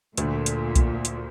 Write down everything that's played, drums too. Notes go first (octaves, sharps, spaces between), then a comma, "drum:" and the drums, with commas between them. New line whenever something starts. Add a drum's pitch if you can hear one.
D2 A#2 D3 A3, drum: hi-hat
drum: hi-hat
drum: kick B1, hi-hat
drum: hi-hat